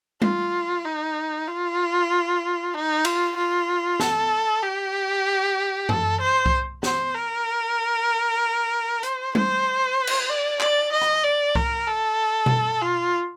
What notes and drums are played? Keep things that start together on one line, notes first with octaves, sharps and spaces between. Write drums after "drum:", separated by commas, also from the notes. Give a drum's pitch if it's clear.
F4, drum: tom G3
D#4
F4
D#4
F4, drum: cymbal
F4
A4, drum: snare
G4
A4, drum: tom F#2
C5
drum: kick C2
C5, drum: snare
A#4
C5, drum: hi-hat
C5, drum: tom G3
drum: cymbal
D5
D5, drum: clap
D#5
drum: rim click
D5
A#4, drum: kick C2
A4
drum: tom B2
F4